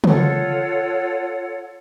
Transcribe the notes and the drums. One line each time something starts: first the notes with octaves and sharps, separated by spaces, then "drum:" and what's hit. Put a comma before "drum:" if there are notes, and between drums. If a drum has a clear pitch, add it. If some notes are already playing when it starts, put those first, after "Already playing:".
F4 A4 C#5 F#5, drum: tom